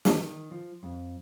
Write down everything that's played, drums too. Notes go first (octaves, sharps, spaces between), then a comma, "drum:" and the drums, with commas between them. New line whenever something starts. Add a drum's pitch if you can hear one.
drum: snare
D#3
F3
F2